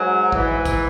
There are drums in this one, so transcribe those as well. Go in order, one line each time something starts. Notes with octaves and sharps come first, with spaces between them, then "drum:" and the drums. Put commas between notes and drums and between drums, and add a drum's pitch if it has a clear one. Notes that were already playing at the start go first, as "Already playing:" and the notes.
Already playing: G#2 F#3
G#2 E3, drum: kick A1
drum: kick A1, tambourine